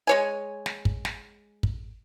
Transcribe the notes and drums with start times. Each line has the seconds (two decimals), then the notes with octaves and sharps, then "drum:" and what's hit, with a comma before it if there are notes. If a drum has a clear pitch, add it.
0.07 G#3 C#5 G#5
0.66 drum: snare
0.85 drum: kick
1.05 drum: snare
1.63 drum: kick